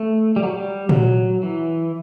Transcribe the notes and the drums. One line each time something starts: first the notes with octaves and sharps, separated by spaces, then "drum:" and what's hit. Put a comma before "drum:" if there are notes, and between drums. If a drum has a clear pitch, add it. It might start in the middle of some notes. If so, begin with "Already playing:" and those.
Already playing: A3
G3
F#3
G3
F#3, drum: tom A#2
E3